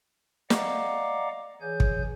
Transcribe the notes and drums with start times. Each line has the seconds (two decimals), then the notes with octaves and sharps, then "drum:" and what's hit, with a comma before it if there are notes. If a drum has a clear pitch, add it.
0.50 D5 D#5 F5 F#5 A#5 D6, drum: snare
1.61 E3 G#4 C#5 G#5 G6
1.80 drum: kick